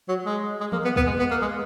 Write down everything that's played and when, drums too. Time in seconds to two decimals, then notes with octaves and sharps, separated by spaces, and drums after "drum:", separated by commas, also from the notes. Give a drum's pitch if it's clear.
0.09 F#3
0.26 G#3
0.61 G#3
0.72 A#3, drum: tom E3
0.85 B3
0.96 B3, drum: kick
1.07 G#3
1.19 B3
1.31 A#3
1.42 G#3